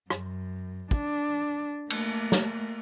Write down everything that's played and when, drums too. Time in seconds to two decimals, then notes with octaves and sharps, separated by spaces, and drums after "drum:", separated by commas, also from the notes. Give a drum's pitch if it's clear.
0.10 F#2, drum: rim click
0.91 D4, drum: kick
1.90 A3 A#3, drum: cymbal
2.32 drum: snare